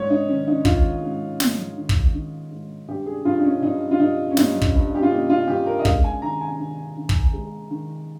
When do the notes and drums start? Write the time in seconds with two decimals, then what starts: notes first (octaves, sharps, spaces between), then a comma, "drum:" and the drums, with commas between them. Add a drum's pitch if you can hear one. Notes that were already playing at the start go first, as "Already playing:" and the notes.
Already playing: G#2 C#5
0.10 D#4
0.28 D#3 C#4
0.47 D#4
0.65 D#3 F4, drum: kick
1.02 G#2
1.40 G#2, drum: snare
1.77 D#3
1.89 drum: kick
2.14 D#3
2.51 G#2
2.88 G2 G4
3.06 G#4
3.25 G2 F4
3.39 D#4
3.45 C#4
3.62 G2 D#4
3.91 F4
4.00 G2 D#4
4.31 C#4
4.37 G2 D#4, drum: snare
4.62 drum: kick
4.74 G2
4.95 G4
5.03 F4
5.11 A#3 D#4
5.30 F4
5.48 G2 G4
5.66 A#4
5.79 D#5
5.85 G#3 F5, drum: kick
6.04 G#5
6.22 D#3 A#5
6.41 G#5
6.59 D#3
6.97 D#3
7.09 drum: kick
7.33 G#3
7.70 D#3